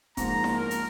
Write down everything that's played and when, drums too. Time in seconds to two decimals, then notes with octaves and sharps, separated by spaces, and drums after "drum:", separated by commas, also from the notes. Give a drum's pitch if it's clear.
0.17 G#2 F3 A#3 A#5, drum: kick D#1, hi-hat
0.44 drum: snare E4
0.57 A#4
0.71 drum: hi-hat